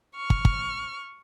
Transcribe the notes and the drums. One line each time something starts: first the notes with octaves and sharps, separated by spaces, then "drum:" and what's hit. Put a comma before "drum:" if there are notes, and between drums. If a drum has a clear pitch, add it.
C#6 F6
drum: kick
drum: kick